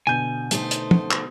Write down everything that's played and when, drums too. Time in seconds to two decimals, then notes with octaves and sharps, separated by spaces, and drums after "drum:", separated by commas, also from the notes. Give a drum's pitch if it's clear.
0.07 B2 D3 G#5 G6
0.51 A3 D#4 C5, drum: hi-hat
0.71 drum: hi-hat
0.91 drum: tom
1.11 drum: clap